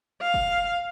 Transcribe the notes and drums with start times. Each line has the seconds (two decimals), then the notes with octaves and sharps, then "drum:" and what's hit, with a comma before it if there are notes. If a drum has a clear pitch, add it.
0.21 F5
0.34 drum: kick